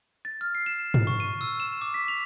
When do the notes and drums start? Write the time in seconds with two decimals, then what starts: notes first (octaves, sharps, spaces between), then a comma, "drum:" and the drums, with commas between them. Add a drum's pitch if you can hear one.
0.25 A6
0.41 F6
0.55 C7
0.66 E7
0.94 drum: tom
1.07 C#6
1.20 D#7
1.41 E6
1.60 E7
1.81 D6
1.94 B6
2.08 F7